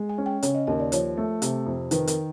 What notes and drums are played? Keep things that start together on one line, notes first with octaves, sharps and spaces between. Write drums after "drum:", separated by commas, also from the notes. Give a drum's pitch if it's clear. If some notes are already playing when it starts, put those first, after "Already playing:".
Already playing: G#3
G#5
C#4
G5
C#3 C#5, drum: hi-hat
D#5
D#2 D#5
D5
F3 C#5, drum: hi-hat
A3
C3, drum: hi-hat
F2
D#3 B4, drum: hi-hat
A#4, drum: hi-hat